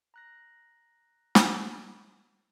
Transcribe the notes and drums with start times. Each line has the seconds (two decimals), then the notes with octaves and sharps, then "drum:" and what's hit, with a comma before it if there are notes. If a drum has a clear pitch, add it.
0.14 A#5 F#6 A#6
1.35 drum: snare